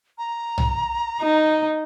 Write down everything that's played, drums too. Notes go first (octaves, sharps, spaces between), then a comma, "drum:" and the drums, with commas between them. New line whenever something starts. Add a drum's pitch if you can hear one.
A#5
drum: tom
D#4